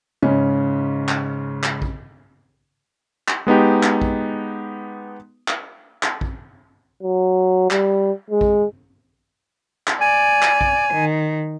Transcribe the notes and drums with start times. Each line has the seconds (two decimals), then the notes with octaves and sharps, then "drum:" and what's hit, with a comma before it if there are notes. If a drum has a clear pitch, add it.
0.22 G#2 C#3 C#4
1.09 drum: clap
1.63 drum: clap
1.82 drum: kick A#1
3.28 drum: clap
3.47 G#3 B3 D#4 G4
3.83 drum: clap
4.02 drum: kick A#1
5.48 drum: clap
6.03 drum: clap
6.21 drum: kick A#1
7.03 F#3
7.71 G3, drum: clap
8.30 G#3
8.41 drum: kick A#1
9.88 drum: clap
10.01 D5 G#5
10.42 drum: clap
10.61 drum: kick A#1
10.94 D#3